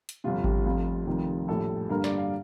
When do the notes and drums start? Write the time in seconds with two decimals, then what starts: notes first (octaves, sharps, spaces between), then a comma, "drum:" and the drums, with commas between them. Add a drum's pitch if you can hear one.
0.09 drum: hi-hat
0.24 G1 F2 C3 F4
0.44 G4, drum: kick G#1
0.65 F1 F2 C3 F4
1.07 F1 F2 C3 D#3 G3
1.48 A#1 A2 G3 A4
1.89 G2 D3 G3 A#3 A#4
2.04 D5, drum: snare
2.18 F5